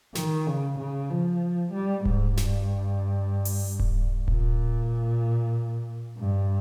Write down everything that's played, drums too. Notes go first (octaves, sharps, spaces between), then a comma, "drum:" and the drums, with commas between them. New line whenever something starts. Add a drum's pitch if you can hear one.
D#3, drum: snare
C#3
C#3
F3
G3
G#2, drum: kick D1
G2, drum: snare
drum: open hi-hat
drum: kick D1
A#2, drum: kick D1
G2